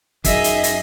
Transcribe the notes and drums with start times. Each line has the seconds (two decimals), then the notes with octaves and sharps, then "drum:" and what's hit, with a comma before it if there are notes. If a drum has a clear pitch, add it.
0.24 F#2 D#4 G#4 D#5 E5, drum: kick G1, hi-hat
0.44 drum: hi-hat
0.64 drum: hi-hat